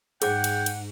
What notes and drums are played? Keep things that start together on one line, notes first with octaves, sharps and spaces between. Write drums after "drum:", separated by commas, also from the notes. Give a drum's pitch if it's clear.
G#2 G#4 F#5 G5 D6, drum: cymbal
drum: cymbal
drum: cymbal